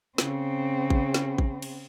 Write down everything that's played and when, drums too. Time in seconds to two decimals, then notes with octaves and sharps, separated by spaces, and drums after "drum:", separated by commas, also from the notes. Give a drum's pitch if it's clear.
0.18 C#3 C4, drum: snare
0.90 drum: kick A1
1.14 drum: snare
1.38 drum: kick A1
1.62 drum: cymbal